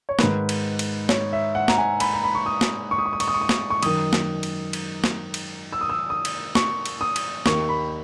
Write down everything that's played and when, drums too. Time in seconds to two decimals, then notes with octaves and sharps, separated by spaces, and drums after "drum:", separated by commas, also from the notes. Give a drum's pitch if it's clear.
0.09 C#5
0.19 G#2 D#3 B4, drum: snare
0.49 drum: cymbal
0.79 drum: cymbal
1.09 C#5, drum: snare
1.33 E5
1.55 F#5
1.68 A#5, drum: snare
1.78 G#5
2.00 B5, drum: cymbal
2.14 A#5
2.24 B5
2.35 C#6
2.46 D#6
2.61 drum: snare
2.91 C#6
2.99 D#6
3.06 C#6
3.13 D#6
3.20 C#6, drum: cymbal
3.28 D#6
3.34 C#6
3.41 D#6
3.49 C#6, drum: snare
3.70 C#6
3.83 F#2 D#3 D#6, drum: cymbal
4.13 drum: snare
4.43 drum: cymbal
4.73 drum: cymbal
5.04 drum: snare
5.34 drum: cymbal
5.73 E6
5.81 D#6
5.89 E6
6.10 D#6
6.25 drum: cymbal
6.55 C#6, drum: snare
6.86 drum: cymbal
7.01 D#6
7.16 drum: cymbal
7.46 D#2 D#3 C#6, drum: snare
7.69 B5